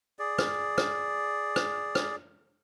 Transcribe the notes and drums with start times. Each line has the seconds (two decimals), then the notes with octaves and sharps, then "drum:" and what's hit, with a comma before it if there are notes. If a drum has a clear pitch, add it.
0.19 G#4 D5
0.38 drum: rim click
0.78 drum: rim click
1.56 drum: rim click
1.95 drum: rim click